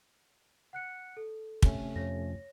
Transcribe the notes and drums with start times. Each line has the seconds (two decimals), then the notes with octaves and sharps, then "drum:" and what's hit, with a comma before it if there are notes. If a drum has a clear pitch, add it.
0.73 F#5 F#6 C#7
1.17 A4
1.62 C3 A3 C#4, drum: kick
1.96 F2 C#5 A#6